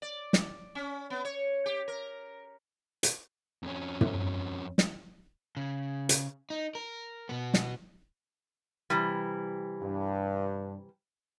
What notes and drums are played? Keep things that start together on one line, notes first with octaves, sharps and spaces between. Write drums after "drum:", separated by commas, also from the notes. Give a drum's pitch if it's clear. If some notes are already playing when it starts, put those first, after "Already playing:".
D5
drum: snare
C#4
B3
C#5
G4
A#4
drum: hi-hat
F2 C#4
drum: tom
drum: snare
C#3
drum: hi-hat
D#4
A#4
B2 B3
drum: snare
C3 E3 G3
G2